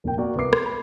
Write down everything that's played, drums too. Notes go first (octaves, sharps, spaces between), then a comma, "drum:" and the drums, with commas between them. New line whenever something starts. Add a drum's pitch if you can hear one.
F1 A#2 A#4 G5
A#3 F#4 D5
C2 B3 A#4 E5 D6 C7
C6, drum: rim click
B5